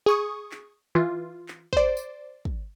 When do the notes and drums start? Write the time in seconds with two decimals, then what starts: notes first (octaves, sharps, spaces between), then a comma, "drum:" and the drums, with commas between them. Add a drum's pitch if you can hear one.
0.06 G#4 C#6 D#6
0.51 drum: clap
0.95 E3 F4
1.48 drum: clap
1.73 C5 D5, drum: kick
1.97 drum: tambourine
2.45 drum: kick